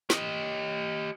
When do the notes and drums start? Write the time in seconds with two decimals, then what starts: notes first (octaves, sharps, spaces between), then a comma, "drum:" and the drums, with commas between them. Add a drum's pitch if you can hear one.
0.10 G4 D#5, drum: snare